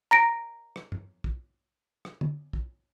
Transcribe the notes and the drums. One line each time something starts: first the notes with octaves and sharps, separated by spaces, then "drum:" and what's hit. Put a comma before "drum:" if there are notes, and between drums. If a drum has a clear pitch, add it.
A#5 A#6 D7
drum: rim click
drum: tom
drum: kick
drum: rim click
drum: tom
drum: kick